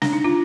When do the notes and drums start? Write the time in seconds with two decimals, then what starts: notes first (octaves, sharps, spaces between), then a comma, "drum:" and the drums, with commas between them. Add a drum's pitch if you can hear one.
0.02 D4, drum: snare
0.13 D#4
0.24 D4 F4